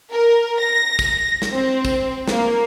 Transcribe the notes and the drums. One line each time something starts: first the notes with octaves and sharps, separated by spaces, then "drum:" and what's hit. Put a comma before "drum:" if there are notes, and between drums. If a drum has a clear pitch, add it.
A#4
A#6
drum: kick, tambourine
drum: snare
C4
drum: kick, tambourine
A#3, drum: snare